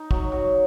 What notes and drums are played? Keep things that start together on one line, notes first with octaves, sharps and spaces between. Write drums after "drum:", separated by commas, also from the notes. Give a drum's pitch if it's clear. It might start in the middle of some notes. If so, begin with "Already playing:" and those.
Already playing: D#4
F#3, drum: kick
F#3